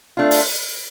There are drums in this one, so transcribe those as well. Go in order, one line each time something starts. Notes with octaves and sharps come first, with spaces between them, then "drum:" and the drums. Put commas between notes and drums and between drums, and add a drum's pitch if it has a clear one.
A3 D4 F4
drum: open hi-hat